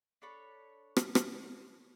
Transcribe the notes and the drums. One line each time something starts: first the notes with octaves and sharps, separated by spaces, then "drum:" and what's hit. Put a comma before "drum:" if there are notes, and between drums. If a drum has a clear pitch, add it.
D4 A4 C#5 B5
drum: rim click
drum: rim click